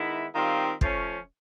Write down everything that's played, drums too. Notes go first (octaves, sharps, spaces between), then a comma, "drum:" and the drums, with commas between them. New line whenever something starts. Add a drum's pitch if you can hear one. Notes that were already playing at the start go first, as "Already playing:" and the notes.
Already playing: D#3 G#3 B3 E4
D#3 G3 C4 F4
F3 A3 C#4, drum: kick